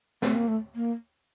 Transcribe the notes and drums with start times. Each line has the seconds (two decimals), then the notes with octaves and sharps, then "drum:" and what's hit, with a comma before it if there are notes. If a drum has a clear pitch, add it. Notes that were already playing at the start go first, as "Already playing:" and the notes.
0.22 A3, drum: snare
0.35 A#3
0.48 A3
0.75 A#3